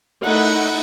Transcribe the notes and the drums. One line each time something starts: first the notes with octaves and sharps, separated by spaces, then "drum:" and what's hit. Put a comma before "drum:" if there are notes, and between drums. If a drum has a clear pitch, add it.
A3 D#4 E4 F#5, drum: cymbal